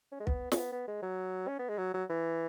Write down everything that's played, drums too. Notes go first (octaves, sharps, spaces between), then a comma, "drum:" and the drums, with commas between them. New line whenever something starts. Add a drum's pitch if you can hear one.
C#4
G#3
B3, drum: kick
C#4, drum: snare
B3
B3
G#3
F#3
C#4
B3
G#3
F#3
F#3
E3